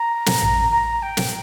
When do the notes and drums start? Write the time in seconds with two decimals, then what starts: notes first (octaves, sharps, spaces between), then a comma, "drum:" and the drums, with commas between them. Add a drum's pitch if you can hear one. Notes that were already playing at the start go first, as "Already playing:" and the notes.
Already playing: A#5
0.26 drum: snare
0.41 drum: tom A1
0.71 A#5
1.02 G5
1.17 drum: snare